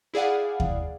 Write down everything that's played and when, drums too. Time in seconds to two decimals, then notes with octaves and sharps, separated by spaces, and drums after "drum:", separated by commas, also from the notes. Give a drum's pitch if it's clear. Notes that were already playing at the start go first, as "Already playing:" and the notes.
0.14 E4 G#4 D5 F5 F#5
0.60 drum: kick D#2